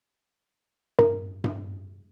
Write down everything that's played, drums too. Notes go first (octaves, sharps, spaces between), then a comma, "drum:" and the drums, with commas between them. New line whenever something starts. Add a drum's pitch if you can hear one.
A#4, drum: tom G2
drum: tom G2